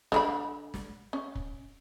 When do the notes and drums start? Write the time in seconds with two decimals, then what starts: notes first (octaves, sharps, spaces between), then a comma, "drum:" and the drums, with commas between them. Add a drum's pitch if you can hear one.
0.12 D3 E4 B5, drum: snare
0.74 drum: snare
1.13 C#4
1.35 drum: kick